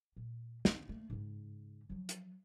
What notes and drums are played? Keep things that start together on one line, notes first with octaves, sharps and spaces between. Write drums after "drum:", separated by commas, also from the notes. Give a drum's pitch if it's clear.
A#2
C4 C#4, drum: snare
A3 A#3
G#2 C#3
F3 F#3
drum: hi-hat